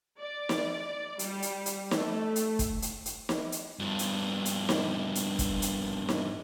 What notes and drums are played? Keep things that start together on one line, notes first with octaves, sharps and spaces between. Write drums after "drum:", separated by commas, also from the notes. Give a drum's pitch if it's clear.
D5
drum: snare
G3, drum: hi-hat
drum: hi-hat
drum: hi-hat
A3, drum: snare
drum: hi-hat
drum: kick, hi-hat
drum: hi-hat
drum: hi-hat
drum: snare
drum: hi-hat
G2 F3
drum: hi-hat
drum: hi-hat
drum: snare
drum: hi-hat
drum: kick, hi-hat
drum: hi-hat
drum: snare